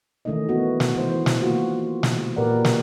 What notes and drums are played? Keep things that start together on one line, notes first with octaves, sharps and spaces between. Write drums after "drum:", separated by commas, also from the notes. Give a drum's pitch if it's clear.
D#3 E3 A3 C#4 D#4 D#5
B3 F#4
drum: snare
E3 C5
drum: snare
A#3 F4 F#4
drum: snare
A#2 G4 A#4 B4 D5 F#5
drum: snare